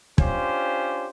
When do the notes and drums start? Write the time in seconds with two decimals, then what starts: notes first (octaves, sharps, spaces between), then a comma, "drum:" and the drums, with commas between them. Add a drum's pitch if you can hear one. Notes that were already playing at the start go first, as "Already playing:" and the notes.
0.18 C#4 D4 F4 G4 C5, drum: kick